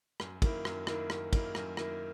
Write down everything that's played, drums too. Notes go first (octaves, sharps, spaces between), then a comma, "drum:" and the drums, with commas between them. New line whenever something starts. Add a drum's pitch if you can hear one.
F#2, drum: rim click
D#3 A#3 E4, drum: kick, cymbal
F#2, drum: rim click
D#3 A#3 E4, drum: rim click
F#2, drum: rim click
D#3 A#3 E4, drum: kick, cymbal
F#2, drum: rim click
D#3 A#3 E4, drum: rim click